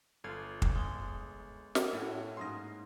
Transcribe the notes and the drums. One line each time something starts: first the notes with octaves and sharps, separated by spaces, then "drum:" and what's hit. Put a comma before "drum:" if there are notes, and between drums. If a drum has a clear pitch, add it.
G1 F4 A4 F5 G#6
drum: kick
G#3
drum: snare
A2 A3 C#4 E4 F#4
G#2 A#3 C#4 C6 D#6 A#6